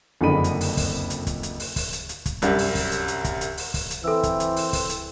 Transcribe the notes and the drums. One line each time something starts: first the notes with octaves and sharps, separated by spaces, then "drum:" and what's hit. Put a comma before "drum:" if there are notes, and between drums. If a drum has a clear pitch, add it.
F#1 F2 D3 D#4 B5 D#7
drum: hi-hat
drum: open hi-hat
drum: kick, open hi-hat
drum: hi-hat
drum: kick, hi-hat
drum: hi-hat
drum: open hi-hat
drum: kick, open hi-hat
drum: hi-hat
drum: hi-hat
drum: kick, hi-hat
C2 F#2 G3, drum: hi-hat
drum: open hi-hat
drum: kick, open hi-hat
drum: hi-hat
drum: hi-hat
drum: kick, hi-hat
drum: hi-hat
drum: open hi-hat
drum: kick, open hi-hat
drum: hi-hat
E3 C4 A4 E6
drum: kick, hi-hat
drum: hi-hat
drum: open hi-hat
drum: kick, open hi-hat
drum: hi-hat